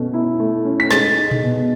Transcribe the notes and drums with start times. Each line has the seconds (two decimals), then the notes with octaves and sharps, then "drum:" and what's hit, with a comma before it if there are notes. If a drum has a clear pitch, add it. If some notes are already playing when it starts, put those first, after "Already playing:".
Already playing: B2 A3 C#4
0.13 E4
0.40 A3
0.65 C#4
0.80 B6
0.91 G#3 A6, drum: snare
1.17 D#4
1.31 drum: tom A#2
1.43 B2